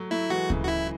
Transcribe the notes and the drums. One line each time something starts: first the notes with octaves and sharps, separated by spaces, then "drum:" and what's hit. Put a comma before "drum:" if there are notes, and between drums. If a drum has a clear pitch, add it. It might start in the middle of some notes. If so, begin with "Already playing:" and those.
Already playing: F#3 A3
F#3 A3 E4
E3 G#3 F#4
C#3 E3, drum: kick D2
F#4
E4